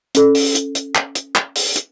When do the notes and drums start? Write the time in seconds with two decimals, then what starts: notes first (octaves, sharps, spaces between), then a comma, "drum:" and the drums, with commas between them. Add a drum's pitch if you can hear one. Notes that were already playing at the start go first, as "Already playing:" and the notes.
0.15 C#4 A4, drum: hi-hat
0.35 drum: open hi-hat
0.55 drum: hi-hat
0.75 drum: hi-hat
0.95 drum: clap
1.15 drum: hi-hat
1.36 drum: clap
1.56 drum: open hi-hat
1.76 drum: hi-hat